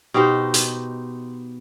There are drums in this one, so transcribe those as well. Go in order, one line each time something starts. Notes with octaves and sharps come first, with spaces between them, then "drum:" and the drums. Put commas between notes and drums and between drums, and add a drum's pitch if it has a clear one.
B2 D#4 G4 C5
drum: hi-hat